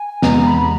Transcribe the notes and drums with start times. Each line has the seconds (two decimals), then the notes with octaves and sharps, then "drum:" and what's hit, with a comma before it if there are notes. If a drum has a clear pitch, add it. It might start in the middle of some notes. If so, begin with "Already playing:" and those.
Already playing: G#5
0.22 E2 C3 E3 G#3 B3 A#5, drum: snare
0.46 B5